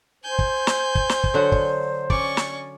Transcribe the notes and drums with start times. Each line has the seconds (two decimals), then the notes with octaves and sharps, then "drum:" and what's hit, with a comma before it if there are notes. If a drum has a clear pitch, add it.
0.24 C5 G#5 G6
0.39 drum: kick
0.67 drum: snare
0.95 drum: kick
1.09 drum: snare
1.24 drum: kick
1.34 D3 F#3 F#5
1.52 drum: kick
2.10 C#4 D5 C#6, drum: kick
2.37 drum: snare